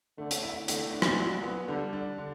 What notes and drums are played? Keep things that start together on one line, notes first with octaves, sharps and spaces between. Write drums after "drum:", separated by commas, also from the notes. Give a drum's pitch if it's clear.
D3 A3
drum: hi-hat
E4
D3 A3, drum: hi-hat
D4
drum: rim click
F#3
B3
D3 G3
D4
D3